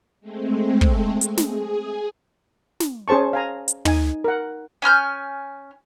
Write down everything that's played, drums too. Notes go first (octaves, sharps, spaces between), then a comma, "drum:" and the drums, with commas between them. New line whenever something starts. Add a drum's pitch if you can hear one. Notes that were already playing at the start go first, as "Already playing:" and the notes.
G#3 A3 C4
drum: kick
drum: hi-hat
G#4, drum: snare
drum: snare
C#4 G#4 C5 A5 C#6
F5 G#5 A#5
drum: hi-hat
D#4 G#5, drum: tom
A#4 F#5
C#4 G#5 F6 G6